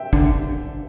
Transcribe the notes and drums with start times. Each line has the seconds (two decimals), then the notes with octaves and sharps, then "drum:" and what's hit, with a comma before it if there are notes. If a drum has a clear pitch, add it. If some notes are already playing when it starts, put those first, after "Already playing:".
Already playing: E5 G5
0.13 D3, drum: kick